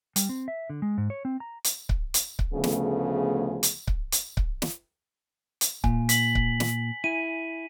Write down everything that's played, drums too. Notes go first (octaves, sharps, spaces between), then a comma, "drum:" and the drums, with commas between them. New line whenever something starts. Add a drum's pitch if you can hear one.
G3, drum: hi-hat
C4
E5
D3
G#3
G#2
C#5
C4
A#5
drum: hi-hat
drum: kick C#1
drum: hi-hat
drum: kick C#1
D2 C#3 F3 A3 B3 G#4
drum: snare
drum: hi-hat
drum: kick C#1
drum: hi-hat
drum: kick C#1
drum: snare
drum: hi-hat
A#2 G#5, drum: kick C#1
B6 F#7, drum: hi-hat
drum: kick C#1
drum: snare
E4 G#5 D#7